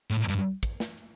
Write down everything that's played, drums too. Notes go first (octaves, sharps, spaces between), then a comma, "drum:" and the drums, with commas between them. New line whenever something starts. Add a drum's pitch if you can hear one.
A2
G2
drum: kick, hi-hat
drum: snare
drum: hi-hat